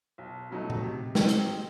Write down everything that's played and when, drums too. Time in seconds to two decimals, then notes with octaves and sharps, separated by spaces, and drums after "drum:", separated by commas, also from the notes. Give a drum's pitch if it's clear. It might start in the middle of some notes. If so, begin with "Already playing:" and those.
0.18 B1
0.50 B2 F#3 A3 D#4
0.70 drum: tom A#2
0.83 C3
1.15 F#3 C4 D#4 G4, drum: snare
1.29 drum: hi-hat